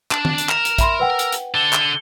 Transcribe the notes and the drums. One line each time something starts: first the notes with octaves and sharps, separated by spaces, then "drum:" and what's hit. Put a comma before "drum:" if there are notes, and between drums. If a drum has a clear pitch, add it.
D4, drum: clap
drum: tom D#3
drum: hi-hat
A#4 A#5 E7, drum: clap
drum: hi-hat
E5 B5 C6, drum: kick, hi-hat
B4 F#5 G5 E6
drum: hi-hat
drum: hi-hat
D3 A4 G7
drum: clap